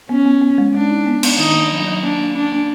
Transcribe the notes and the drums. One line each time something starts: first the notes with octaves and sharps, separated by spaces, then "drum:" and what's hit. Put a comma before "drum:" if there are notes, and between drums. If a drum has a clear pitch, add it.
B3 C#4
B3
B3
G#3
G#3 D4
D#4
B3
B3, drum: cymbal
D#3 D#4
A#3
F#3
F#3
A#3 D4
A#3
C#4 D4
A#3